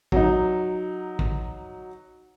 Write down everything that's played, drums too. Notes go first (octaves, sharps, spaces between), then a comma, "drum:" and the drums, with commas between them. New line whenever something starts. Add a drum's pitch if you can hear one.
F#3 D#4, drum: kick
drum: kick